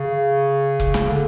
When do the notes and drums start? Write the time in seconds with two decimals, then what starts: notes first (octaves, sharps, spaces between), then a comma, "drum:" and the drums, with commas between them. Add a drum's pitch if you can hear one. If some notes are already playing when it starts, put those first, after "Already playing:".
Already playing: C#3
0.80 drum: kick F1
0.94 drum: snare
1.09 D3